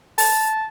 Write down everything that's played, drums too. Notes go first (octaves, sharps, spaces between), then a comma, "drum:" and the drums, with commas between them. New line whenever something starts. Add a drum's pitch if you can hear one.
A5, drum: open hi-hat